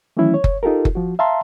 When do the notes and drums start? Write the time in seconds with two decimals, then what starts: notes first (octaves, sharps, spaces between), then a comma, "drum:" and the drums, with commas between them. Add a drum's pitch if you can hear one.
0.17 D#3 E3 F#3 A3 C#4 E4
0.34 C#5
0.44 drum: kick F#1
0.63 D#4 F4 G4 A4 A#4
0.85 drum: kick F#1
0.95 F3 F#4
1.19 E5 F5 A5 A#5 C6